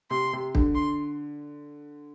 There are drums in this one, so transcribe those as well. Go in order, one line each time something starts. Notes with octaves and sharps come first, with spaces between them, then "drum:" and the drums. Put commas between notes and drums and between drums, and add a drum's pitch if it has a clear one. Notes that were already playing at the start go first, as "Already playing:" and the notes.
C3 C6
C3
D3, drum: kick
C6